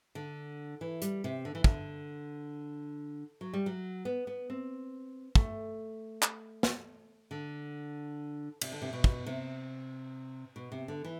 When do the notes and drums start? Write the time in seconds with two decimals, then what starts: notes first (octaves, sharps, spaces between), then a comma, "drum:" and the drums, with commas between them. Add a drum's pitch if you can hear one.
0.15 D3
0.81 E3
1.02 G3, drum: hi-hat
1.24 C3
1.45 D3
1.55 E3
1.64 D3, drum: kick
3.41 F#3
3.54 G3
3.66 F#3
4.05 B3
4.27 B3
4.50 C4
5.35 A3, drum: kick
6.22 drum: clap
6.63 drum: snare
7.31 D3
8.61 C3, drum: cymbal
8.72 D3
8.82 C3
8.93 B2
9.04 drum: kick
9.26 C3
10.56 B2
10.72 C3
10.88 D3
11.04 E3